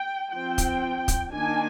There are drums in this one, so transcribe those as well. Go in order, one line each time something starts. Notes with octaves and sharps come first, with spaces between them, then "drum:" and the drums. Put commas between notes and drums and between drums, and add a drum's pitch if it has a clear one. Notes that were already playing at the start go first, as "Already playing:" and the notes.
Already playing: G5
F3 C4 G5
drum: kick, hi-hat
drum: kick, hi-hat
D#3 A#3 D4 G#5